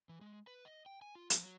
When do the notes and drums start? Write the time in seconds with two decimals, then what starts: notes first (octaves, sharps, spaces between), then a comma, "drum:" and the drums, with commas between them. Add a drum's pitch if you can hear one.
0.09 E3
0.21 G#3
0.47 B4
0.65 D#5
0.86 G5
1.02 G#5
1.15 F4
1.30 F3, drum: hi-hat
1.43 F#3